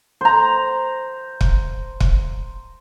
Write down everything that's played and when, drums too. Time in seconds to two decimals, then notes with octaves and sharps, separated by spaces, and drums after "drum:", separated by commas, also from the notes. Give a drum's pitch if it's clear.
0.21 C5 A#5
1.41 drum: kick
2.00 drum: kick